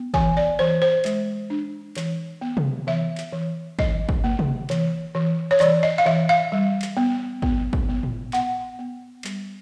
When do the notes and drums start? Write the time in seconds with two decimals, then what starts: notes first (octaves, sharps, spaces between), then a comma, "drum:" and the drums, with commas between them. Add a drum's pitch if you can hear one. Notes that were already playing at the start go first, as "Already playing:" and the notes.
Already playing: B3
0.14 E3 G#5, drum: kick
0.37 D5
0.59 E3 C5
0.82 C5
1.05 G#3, drum: clap
1.50 D4
1.97 E3, drum: clap
2.41 B3
2.57 drum: tom C3
2.87 E3 E5
3.18 drum: clap
3.33 E3
3.79 E3 D#5, drum: kick
4.09 drum: kick
4.24 A#3
4.39 drum: tom C3
4.70 E3, drum: clap
5.15 E3
5.51 C#5
5.60 E3 D5, drum: clap
5.83 D#5
5.98 F5
6.06 E3 E5
6.29 F5
6.52 G3
6.82 drum: clap
6.97 B3
7.42 B3, drum: kick
7.73 drum: kick
7.89 B3
8.03 drum: tom A2
8.33 B3 F#5, drum: clap
8.79 B3
9.24 G3, drum: clap